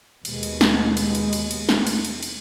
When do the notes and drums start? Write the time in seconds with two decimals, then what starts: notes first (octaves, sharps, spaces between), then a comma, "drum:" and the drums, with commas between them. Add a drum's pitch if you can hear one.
0.25 D#2 B2 G#3, drum: cymbal
0.43 drum: cymbal
0.61 drum: snare
0.97 drum: cymbal
1.15 drum: cymbal
1.33 drum: cymbal
1.51 drum: cymbal
1.69 drum: snare
1.87 drum: cymbal
2.05 drum: cymbal
2.23 drum: cymbal